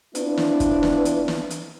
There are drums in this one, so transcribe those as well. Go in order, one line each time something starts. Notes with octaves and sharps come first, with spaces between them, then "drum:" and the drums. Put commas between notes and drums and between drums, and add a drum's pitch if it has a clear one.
B3 C4 D4 E4 F4 B4, drum: hi-hat
drum: snare
drum: kick, hi-hat
drum: snare
drum: hi-hat
drum: snare
drum: hi-hat